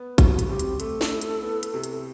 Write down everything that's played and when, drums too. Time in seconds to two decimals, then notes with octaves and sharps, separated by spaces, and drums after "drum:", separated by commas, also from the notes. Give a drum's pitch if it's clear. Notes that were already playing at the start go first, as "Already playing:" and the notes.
Already playing: B3
0.18 G3 F#4, drum: kick A1, hi-hat
0.39 drum: hi-hat
0.49 C4 G4
0.59 drum: hi-hat
0.80 A3 A4, drum: hi-hat
1.01 drum: snare
1.11 E4
1.22 drum: hi-hat
1.42 B3
1.63 drum: hi-hat
1.74 C3
1.84 drum: hi-hat